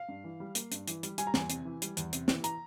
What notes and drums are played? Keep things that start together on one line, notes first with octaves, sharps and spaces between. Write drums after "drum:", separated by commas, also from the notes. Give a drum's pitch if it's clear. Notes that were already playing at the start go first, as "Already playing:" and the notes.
Already playing: F5
G2
E3
G3
A#3, drum: hi-hat
G2, drum: hi-hat
E3, drum: hi-hat
G3, drum: hi-hat
G3 G#5, drum: hi-hat
A#5
E2 G#5, drum: snare
C3, drum: hi-hat
E3
G3, drum: hi-hat
E2, drum: hi-hat
C3, drum: hi-hat
E3, drum: snare
A#5, drum: hi-hat